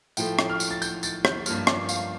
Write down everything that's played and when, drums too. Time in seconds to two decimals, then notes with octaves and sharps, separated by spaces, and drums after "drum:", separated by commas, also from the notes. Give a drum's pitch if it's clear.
0.17 A2 F3 A3 G5, drum: tambourine
0.39 drum: rim click
0.50 F6
0.60 drum: tambourine
0.71 A6
0.82 G6, drum: tambourine
1.03 A6, drum: tambourine
1.25 G6, drum: rim click
1.46 G2 F3 A#3 F6, drum: tambourine
1.67 D6, drum: rim click
1.89 F5, drum: tambourine